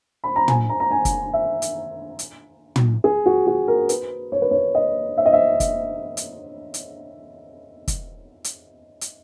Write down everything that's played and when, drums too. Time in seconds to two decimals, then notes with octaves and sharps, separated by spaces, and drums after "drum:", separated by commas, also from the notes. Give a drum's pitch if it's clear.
0.24 B5
0.36 A#5
0.48 G#5, drum: tom
0.70 A#5
0.80 A#5
0.91 G#5
1.05 drum: kick, hi-hat
1.33 E5
1.62 drum: hi-hat
2.19 drum: hi-hat
2.76 drum: tom
3.04 G#4
3.26 F#4
3.47 F#4
3.68 A#4
3.89 B4, drum: hi-hat
4.32 C#5
4.42 B4
4.51 C#5
4.75 D#5
5.17 E5
5.26 D#5
5.33 E5
5.60 drum: kick, hi-hat
6.17 drum: hi-hat
6.74 drum: hi-hat
7.88 drum: kick, hi-hat
8.44 drum: hi-hat
9.01 drum: hi-hat